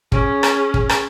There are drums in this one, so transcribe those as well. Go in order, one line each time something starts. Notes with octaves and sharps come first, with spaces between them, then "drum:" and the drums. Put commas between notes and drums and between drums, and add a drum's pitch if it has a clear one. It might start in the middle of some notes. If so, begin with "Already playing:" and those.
C#4 G#4, drum: kick
drum: rim click
drum: kick
drum: rim click